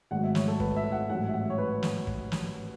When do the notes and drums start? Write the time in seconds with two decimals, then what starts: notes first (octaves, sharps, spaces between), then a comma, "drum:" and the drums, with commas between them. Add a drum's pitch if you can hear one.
0.11 G#1 G#2 F#3 A3 F#5
0.24 E5
0.35 C#5, drum: snare
0.48 A4
0.60 B4, drum: kick
0.76 E5
0.92 F#5
1.09 A1 G#2 F#3 A3 F#5
1.28 E5
1.34 F#5
1.50 C#5
1.58 B4
1.83 drum: snare
2.07 drum: kick
2.32 drum: snare